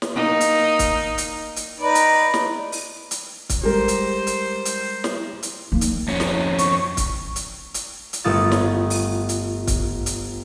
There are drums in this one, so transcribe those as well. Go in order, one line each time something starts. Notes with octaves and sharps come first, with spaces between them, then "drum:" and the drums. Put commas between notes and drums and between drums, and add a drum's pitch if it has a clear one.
drum: snare
A#3 D#4
drum: hi-hat
drum: kick, hi-hat
drum: hi-hat
drum: hi-hat
D#4 B4 D5
drum: hi-hat
drum: snare
drum: open hi-hat
drum: hi-hat
drum: kick, hi-hat
G3 G#3 A#4 C5
drum: hi-hat
drum: hi-hat
drum: hi-hat
drum: snare
drum: hi-hat
A#3 D#4
drum: hi-hat
F2 C#4
drum: snare
C#6, drum: hi-hat
drum: kick, hi-hat
drum: hi-hat
drum: hi-hat
drum: hi-hat
G1 A3 F4 D#6 E6 A6
drum: snare
drum: open hi-hat
drum: hi-hat
drum: kick, hi-hat
drum: hi-hat